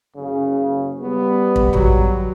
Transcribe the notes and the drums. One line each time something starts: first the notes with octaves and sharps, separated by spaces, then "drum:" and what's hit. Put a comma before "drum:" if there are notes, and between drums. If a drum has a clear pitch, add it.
F#1 C#3
G3 B3
drum: kick
F#3, drum: tom A1